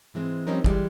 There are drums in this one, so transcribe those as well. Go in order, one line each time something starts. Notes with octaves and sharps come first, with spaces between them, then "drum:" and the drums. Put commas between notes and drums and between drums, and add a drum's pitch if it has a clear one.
G#2 E3 G#3 C4
F3 G3 C4 C#4 D#4 A#4
D3 E3 G3 G#3, drum: kick